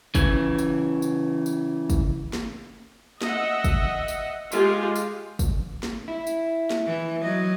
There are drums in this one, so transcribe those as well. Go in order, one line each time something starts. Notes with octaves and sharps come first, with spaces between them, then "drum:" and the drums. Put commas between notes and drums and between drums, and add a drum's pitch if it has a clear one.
C#3 E3, drum: kick, tambourine
drum: tambourine
drum: tambourine
drum: tambourine
drum: kick, tambourine
drum: snare
D#5 E5 F#5, drum: snare
drum: kick, tambourine
drum: tambourine
G#3 F4 G4, drum: tambourine
drum: tambourine
drum: kick, tambourine
drum: snare
E4
drum: tambourine
drum: snare
E3
F#3 D#5